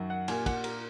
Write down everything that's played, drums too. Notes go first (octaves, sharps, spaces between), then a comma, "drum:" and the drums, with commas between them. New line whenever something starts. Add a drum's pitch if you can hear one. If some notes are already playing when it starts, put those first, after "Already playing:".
Already playing: F#2 D#3 F#3
F#5
A#2 A#3 G#5, drum: cymbal
F#5, drum: kick, cymbal
A#4, drum: cymbal